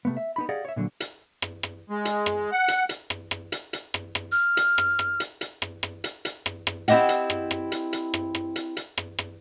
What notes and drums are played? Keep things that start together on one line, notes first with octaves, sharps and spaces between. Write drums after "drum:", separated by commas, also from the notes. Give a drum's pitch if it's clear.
C3 A3 B3
E5
B3 D#4 B5
G4 G#4 D5 D#5 F5 F#5
C#5 E5
A#2 D3 F3 F#3
drum: hi-hat
drum: rim click
drum: rim click
G#3
drum: hi-hat
drum: rim click
F#5
drum: hi-hat
drum: hi-hat
drum: rim click
drum: rim click
drum: hi-hat
drum: hi-hat
drum: rim click
drum: rim click
F6
drum: hi-hat
drum: rim click
drum: rim click
drum: hi-hat
drum: hi-hat
drum: rim click
drum: rim click
drum: hi-hat
drum: hi-hat
drum: rim click
drum: rim click
C4 E4 G4 D#5 F#5, drum: hi-hat
drum: hi-hat
drum: rim click
drum: rim click
drum: hi-hat
drum: hi-hat
drum: rim click
drum: rim click
drum: hi-hat
drum: hi-hat
drum: rim click
drum: rim click